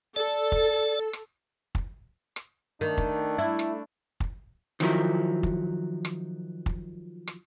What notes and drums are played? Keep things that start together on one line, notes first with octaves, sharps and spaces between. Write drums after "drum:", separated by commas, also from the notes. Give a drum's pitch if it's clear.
A4 D5
drum: kick
drum: rim click
drum: kick
drum: rim click
D#3 A3 D4
drum: kick
E4
drum: rim click
drum: kick
D#3 F3 F#3 E4 A#4, drum: rim click
drum: kick
drum: rim click
drum: kick
drum: rim click